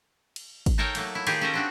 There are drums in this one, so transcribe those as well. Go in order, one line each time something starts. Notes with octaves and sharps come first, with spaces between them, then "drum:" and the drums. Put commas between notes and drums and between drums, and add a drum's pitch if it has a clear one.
drum: cymbal
drum: kick G#1, cymbal
D#4 A4 A#4 C#5 F5 G5
F#3 A3 A#3, drum: cymbal
E4
D#3 D#4 F4 G4 G#4 F5, drum: cymbal
C#4 A4 A#4
C4 D4 F#4